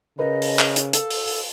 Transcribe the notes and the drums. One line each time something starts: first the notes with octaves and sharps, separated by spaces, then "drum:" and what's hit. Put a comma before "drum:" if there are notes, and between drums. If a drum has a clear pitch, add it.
C#3 A#4 B4 D#5
drum: open hi-hat
drum: clap
drum: hi-hat
A4 F5, drum: hi-hat
drum: open hi-hat
drum: open hi-hat